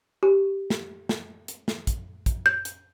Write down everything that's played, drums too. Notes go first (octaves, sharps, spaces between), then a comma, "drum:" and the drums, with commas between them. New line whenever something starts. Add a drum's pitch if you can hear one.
G4
drum: snare
drum: snare
drum: hi-hat
drum: snare
drum: kick, hi-hat
drum: kick, hi-hat
G6
drum: hi-hat